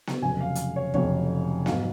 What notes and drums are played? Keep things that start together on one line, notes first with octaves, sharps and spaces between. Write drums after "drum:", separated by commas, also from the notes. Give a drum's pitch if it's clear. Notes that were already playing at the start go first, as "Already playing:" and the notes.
drum: snare B3
F1 F2 C#3 F#3 G#5
F5
drum: hi-hat
C#5
F1 F2 C#3 F#3 C#5, drum: kick
G#1 G#2 F#3 F5, drum: snare B3